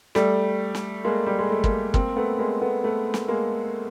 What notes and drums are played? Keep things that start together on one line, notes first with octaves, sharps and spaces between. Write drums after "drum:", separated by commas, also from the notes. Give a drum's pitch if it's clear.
G3 A3, drum: snare
drum: snare
G#3 A#3
G3
G#3
A3
G#3 A#3, drum: kick
A#3 C4, drum: kick
A3 B3
G#3 A#3
A3 B3
A3 B3
drum: snare
G#3 A#3